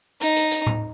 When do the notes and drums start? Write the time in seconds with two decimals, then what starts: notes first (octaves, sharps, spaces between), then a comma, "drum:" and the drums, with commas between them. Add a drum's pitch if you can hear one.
0.21 D#4, drum: hi-hat
0.36 drum: hi-hat
0.51 drum: hi-hat
0.67 drum: tom A2